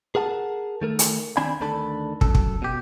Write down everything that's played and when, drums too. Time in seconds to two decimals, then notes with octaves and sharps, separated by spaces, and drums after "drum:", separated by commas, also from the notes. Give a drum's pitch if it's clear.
0.15 G#4 A#4 F#5 A5
0.82 D#3 A3 A#4
0.99 drum: hi-hat
1.37 D#3 C4 D4 G#5 B5
1.61 D2 D#3 D4 A4 B5
2.21 F#2 A4, drum: kick
2.35 drum: kick
2.62 B2 G4